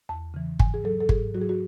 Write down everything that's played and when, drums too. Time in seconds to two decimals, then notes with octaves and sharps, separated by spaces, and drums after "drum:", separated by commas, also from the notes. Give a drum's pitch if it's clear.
0.09 E2 A5
0.34 C#3 E3
0.59 G#2 G#5, drum: kick G1
0.74 G#4
0.84 F#3 A4
1.00 A4
1.09 G#2 G#4, drum: kick G1
1.35 F#3 F#4
1.41 G#4
1.49 F#4